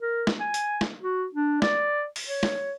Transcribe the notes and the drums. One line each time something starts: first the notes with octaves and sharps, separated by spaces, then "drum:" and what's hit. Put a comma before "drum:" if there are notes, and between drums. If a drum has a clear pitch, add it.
A#4
drum: snare
G#5
drum: hi-hat
drum: snare
F#4
D4
D5, drum: snare
drum: open hi-hat
C#5
drum: snare